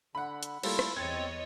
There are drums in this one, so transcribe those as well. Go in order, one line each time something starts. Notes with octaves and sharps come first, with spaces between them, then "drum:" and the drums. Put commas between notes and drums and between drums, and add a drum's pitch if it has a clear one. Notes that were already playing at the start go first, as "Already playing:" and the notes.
D3 F#5 B5
drum: hi-hat
G3 A3 A#3 E4 F4 A4, drum: cymbal
drum: rim click
E2 C4 C#5 D#5 G#6 A6